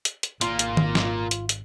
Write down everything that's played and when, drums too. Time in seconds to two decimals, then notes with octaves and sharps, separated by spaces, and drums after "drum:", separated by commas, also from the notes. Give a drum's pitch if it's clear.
0.05 drum: hi-hat
0.23 drum: hi-hat
0.41 G#1 A#2 A#3 F4, drum: hi-hat
0.59 drum: hi-hat
0.77 drum: tom
0.95 drum: snare
1.31 drum: hi-hat
1.49 drum: hi-hat